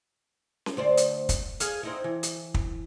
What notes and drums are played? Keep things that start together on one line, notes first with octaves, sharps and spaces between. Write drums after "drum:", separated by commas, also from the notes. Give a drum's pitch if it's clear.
drum: snare C#4
D2 C5 D5
drum: hi-hat
drum: kick, hi-hat
G#4 F5, drum: hi-hat
C4 D#4 E4
E3
drum: hi-hat
drum: kick